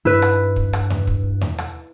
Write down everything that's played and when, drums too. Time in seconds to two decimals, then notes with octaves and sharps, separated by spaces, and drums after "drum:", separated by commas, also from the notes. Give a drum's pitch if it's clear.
0.05 G2 E4 B4
0.22 drum: rim click
0.56 drum: kick
0.73 drum: rim click
0.90 drum: tom E2
1.07 drum: kick
1.41 drum: tom E2
1.58 drum: rim click